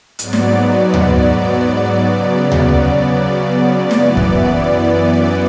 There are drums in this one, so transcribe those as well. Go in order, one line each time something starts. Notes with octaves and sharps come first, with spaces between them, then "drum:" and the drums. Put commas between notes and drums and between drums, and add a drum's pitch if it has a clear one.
G#2 F#3 B3 D5, drum: hi-hat
drum: snare
drum: tom D2
C#3 F#3 B3
drum: tom D2
F#2 E3 B3 D5, drum: snare
drum: kick